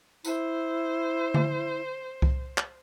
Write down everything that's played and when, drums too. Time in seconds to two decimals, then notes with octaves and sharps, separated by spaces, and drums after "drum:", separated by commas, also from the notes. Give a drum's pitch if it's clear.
0.25 E4 C5, drum: tambourine
1.34 drum: tom D3
2.22 drum: kick C2
2.58 drum: clap